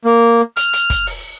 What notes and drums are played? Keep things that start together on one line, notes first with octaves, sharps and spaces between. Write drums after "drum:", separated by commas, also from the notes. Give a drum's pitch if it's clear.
A#3
F6, drum: hi-hat
drum: hi-hat
drum: kick, hi-hat
drum: open hi-hat